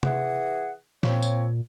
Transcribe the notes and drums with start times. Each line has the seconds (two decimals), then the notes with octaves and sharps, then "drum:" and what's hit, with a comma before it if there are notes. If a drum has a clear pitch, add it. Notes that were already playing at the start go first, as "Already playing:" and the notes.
0.03 E3 G#4 F#5, drum: tom C3
1.03 A#2 F3 C4 C#5, drum: snare
1.22 drum: tambourine